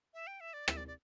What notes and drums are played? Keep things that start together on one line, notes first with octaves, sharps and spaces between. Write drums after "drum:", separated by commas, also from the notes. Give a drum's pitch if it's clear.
E5
G5
E5
D5
E5, drum: rim click
D5
D5